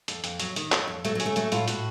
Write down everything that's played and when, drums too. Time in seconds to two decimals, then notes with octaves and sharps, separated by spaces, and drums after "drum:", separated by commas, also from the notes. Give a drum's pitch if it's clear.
0.08 F2, drum: hi-hat
0.24 F2, drum: hi-hat
0.40 F#3, drum: hi-hat
0.56 D#3, drum: hi-hat
0.72 F2 F#3, drum: clap
0.88 F2
1.05 F#3 A3, drum: hi-hat
1.15 F#3
1.20 C#3, drum: hi-hat
1.26 A3
1.36 F#3 A3, drum: hi-hat
1.52 A2 F4, drum: hi-hat
1.68 A2 F#4, drum: hi-hat